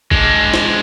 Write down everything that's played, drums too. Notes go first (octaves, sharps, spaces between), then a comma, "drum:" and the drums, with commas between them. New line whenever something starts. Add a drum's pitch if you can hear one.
G#3 D4, drum: kick
drum: snare